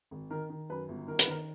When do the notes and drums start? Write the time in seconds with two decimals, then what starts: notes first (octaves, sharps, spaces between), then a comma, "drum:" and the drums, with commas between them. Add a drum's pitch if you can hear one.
0.11 G#1
0.30 D#3 A#4
0.50 D#3
0.70 F#2 B4
0.89 G1
1.08 D#3 A#4
1.19 B4, drum: hi-hat
1.27 D#3 A#4